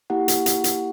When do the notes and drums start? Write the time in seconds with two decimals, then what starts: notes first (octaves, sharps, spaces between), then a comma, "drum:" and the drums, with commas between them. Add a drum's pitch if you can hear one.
0.10 A#3 E4 G4 F#5
0.28 drum: hi-hat
0.46 drum: hi-hat
0.64 drum: hi-hat